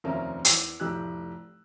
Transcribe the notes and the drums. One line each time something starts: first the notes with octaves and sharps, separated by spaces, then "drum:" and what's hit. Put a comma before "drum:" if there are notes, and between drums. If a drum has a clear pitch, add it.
F1 D#2 C4 C#4 A#4 E5
E2 E6, drum: hi-hat
F1 A2 G4 E6 F#6